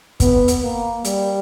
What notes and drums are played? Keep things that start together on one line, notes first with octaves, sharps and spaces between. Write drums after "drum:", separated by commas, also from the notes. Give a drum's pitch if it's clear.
B3, drum: kick, hi-hat
drum: hi-hat
A#3
G3, drum: hi-hat